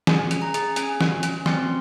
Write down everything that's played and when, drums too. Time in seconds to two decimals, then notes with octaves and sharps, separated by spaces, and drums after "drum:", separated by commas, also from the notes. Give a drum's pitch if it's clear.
0.07 G#4 G#5, drum: snare
0.31 C#4, drum: hi-hat
0.42 A#5
0.54 G#4, drum: hi-hat
0.76 C#4 G#5, drum: hi-hat
1.01 C#4, drum: snare
1.23 C#4, drum: hi-hat
1.46 C4 C6, drum: snare